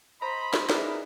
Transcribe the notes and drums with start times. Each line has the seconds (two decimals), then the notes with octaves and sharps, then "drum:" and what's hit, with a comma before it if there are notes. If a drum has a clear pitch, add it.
0.21 C5 D#5 A#5 B5
0.54 drum: snare
0.70 D#4 E4 G#4 A#4 B4 D5, drum: snare